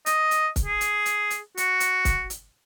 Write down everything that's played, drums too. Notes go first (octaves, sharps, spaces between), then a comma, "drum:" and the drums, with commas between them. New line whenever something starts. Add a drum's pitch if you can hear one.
D#5, drum: hi-hat
drum: hi-hat
drum: kick, hi-hat
G#4
drum: hi-hat
drum: hi-hat
drum: hi-hat
F#4, drum: hi-hat
drum: hi-hat
drum: kick, hi-hat
drum: hi-hat